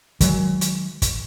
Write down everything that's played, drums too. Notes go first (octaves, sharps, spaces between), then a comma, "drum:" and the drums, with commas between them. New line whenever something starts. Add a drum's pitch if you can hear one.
D#3 F#3 G#3, drum: kick, hi-hat
drum: hi-hat
drum: kick, hi-hat